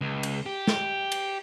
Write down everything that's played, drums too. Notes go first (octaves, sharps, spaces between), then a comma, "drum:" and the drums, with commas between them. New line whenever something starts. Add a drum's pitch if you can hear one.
C#2
drum: cymbal
G4
drum: snare
drum: cymbal